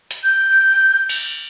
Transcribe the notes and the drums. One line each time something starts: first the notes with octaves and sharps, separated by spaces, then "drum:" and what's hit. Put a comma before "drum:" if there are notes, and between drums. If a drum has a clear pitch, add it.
drum: hi-hat
G6
drum: cymbal